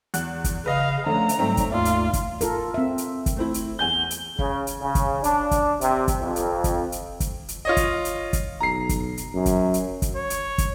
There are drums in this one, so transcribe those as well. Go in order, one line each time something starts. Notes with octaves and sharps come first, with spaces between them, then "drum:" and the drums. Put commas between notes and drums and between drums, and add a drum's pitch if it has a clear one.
E2 F#5 F#6, drum: hi-hat
drum: kick, hi-hat
C#3 B4 D#5 F5
D3 F3 A3 C#4 A#5
drum: hi-hat
G#2 F#3 G3 A3 C4
drum: kick, hi-hat
D#2 G#2 A3 F4 D5
drum: hi-hat
drum: kick, hi-hat
F4 A4 A#4, drum: hi-hat
C4 E5
drum: hi-hat
drum: kick, hi-hat
A3 C4 E4
drum: hi-hat
E2 G#5 G6 G7
drum: hi-hat
C#3, drum: kick
drum: hi-hat
C#3
drum: kick, hi-hat
D4, drum: hi-hat
drum: kick, hi-hat
C3, drum: hi-hat
drum: kick, hi-hat
F2
drum: hi-hat
drum: kick, hi-hat
drum: hi-hat
drum: kick, hi-hat
drum: hi-hat
F4 C#5 D#5
drum: kick, hi-hat
drum: hi-hat
drum: kick, hi-hat
B1 A#5 C7
drum: kick, hi-hat
drum: hi-hat
F#2
drum: kick, hi-hat
drum: hi-hat
drum: kick, hi-hat
C#5
drum: hi-hat
drum: kick, hi-hat